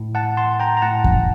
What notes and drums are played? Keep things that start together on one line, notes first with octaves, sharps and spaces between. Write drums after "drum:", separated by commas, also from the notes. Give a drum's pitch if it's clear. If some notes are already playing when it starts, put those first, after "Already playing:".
Already playing: A2
F#5 A5
A5 C6
G5 A#5
A#5
A2 F#5 A5
drum: kick E2